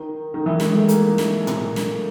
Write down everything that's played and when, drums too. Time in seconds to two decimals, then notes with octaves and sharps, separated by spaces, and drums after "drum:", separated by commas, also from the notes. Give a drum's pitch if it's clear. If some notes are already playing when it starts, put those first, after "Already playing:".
Already playing: D#3
0.34 D#3
0.46 E3
0.60 G#3, drum: snare
0.75 A3
0.88 A#3, drum: hi-hat
1.18 drum: snare
1.47 drum: tom A2
1.76 drum: snare